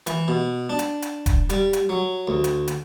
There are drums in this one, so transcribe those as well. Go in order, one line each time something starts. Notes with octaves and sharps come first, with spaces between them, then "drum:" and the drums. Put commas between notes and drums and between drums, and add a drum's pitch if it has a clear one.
E3, drum: hi-hat
B2
D4
drum: hi-hat
drum: hi-hat
drum: kick E1, hi-hat
G3, drum: hi-hat
drum: hi-hat
F#3
D2
drum: hi-hat
drum: hi-hat